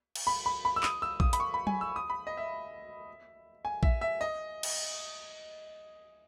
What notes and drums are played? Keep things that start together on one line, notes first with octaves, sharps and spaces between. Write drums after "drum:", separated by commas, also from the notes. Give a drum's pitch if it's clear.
drum: cymbal
B5
B5
B5
E6
D#6, drum: clap
E6
D#6, drum: kick A#1
B5, drum: hi-hat
C#6
B5
G#5, drum: tom F#3
E6
D#6
B5
D#5
E5
G#5
E5, drum: kick A#1
E5
D#5
drum: cymbal